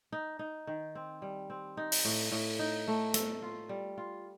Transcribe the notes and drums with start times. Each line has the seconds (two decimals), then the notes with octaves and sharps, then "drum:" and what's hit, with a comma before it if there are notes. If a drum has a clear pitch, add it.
0.12 D#4
0.39 D#4
0.67 D#3
0.95 C4
1.22 G3
1.50 C4
1.77 D#4
1.92 drum: open hi-hat
2.05 A2
2.32 A2
2.59 D#4
2.88 A3
3.14 A4, drum: hi-hat
3.42 F4
3.69 G3
3.98 F4